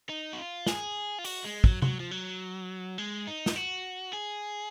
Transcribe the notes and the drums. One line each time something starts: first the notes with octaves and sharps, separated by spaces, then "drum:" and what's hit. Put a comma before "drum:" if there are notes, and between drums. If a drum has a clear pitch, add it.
D#4
F#4
F4
G#4, drum: snare
F4
F#4, drum: open hi-hat
G#3
F#3, drum: kick
F#3, drum: tom C3
F3
F#3
G#3
D#4
drum: snare
F#4
G#4